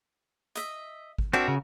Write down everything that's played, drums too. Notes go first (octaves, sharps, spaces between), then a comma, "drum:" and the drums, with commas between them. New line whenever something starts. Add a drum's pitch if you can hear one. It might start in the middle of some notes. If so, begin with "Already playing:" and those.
D#5 E5, drum: hi-hat
drum: kick G#1
C4 D4 F#4 A#4 E5
C#3